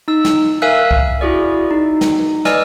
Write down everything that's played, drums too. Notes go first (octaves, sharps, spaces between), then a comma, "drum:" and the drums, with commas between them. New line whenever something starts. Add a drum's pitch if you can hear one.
D#4 E6
drum: snare
A#4 E5 F5 G#5 E6 F#6
drum: kick
E4 F#4 G#4 D5
D#4
drum: snare
B4 D5 D#5 G#5 E6 F6, drum: snare